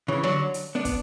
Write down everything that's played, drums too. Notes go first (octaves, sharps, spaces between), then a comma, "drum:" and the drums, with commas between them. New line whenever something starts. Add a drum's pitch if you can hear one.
C#3 E3
D3 F#3
drum: hi-hat
B3 D4
drum: kick, hi-hat